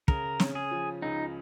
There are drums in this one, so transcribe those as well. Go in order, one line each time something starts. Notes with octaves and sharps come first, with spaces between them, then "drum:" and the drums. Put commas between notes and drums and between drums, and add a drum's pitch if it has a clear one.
C#3 A#4, drum: kick
C#4, drum: snare
G#4
F3
C#2 D#4